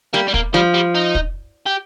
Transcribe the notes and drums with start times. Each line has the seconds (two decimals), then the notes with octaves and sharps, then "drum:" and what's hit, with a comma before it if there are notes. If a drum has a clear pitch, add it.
0.14 G3 A#3
0.28 G3
0.34 A#3, drum: kick
0.54 F3 G3
0.74 G3
0.95 D#4
1.15 drum: kick
1.66 G4